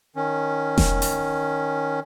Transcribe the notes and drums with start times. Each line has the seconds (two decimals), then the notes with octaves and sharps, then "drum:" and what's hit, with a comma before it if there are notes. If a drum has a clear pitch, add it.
0.16 D#3 C#4
0.78 drum: snare E1
1.02 drum: open hi-hat